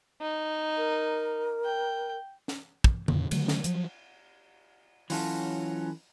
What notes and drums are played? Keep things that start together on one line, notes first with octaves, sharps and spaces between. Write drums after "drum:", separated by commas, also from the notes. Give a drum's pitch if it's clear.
D#4
A#4
G5
drum: snare
drum: kick
F2 A#2 C#3, drum: tom D3
D3 D#3 F#3 A3, drum: cymbal
drum: snare
F3 F#3, drum: hi-hat
E3 F#3 C#4 F4 F#4 A4, drum: open hi-hat